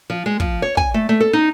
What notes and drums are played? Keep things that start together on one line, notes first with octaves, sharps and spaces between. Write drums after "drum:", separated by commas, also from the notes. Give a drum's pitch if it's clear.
F3
G#3
F3, drum: kick
C#5
G#5, drum: kick
A3
A3
A4
D#4